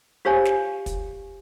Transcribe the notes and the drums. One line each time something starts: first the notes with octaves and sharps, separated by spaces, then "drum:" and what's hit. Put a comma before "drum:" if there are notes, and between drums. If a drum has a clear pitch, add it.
F4 G4 C5 C#5 F5 G#5
drum: snare
drum: kick, hi-hat